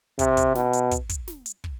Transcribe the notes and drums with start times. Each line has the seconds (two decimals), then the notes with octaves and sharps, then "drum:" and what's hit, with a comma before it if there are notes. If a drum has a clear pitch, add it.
0.19 C3, drum: kick, hi-hat
0.37 drum: kick, hi-hat
0.55 B2, drum: snare
0.73 drum: hi-hat
0.91 drum: kick, hi-hat
1.09 drum: kick, hi-hat
1.28 drum: snare
1.46 drum: hi-hat
1.64 drum: kick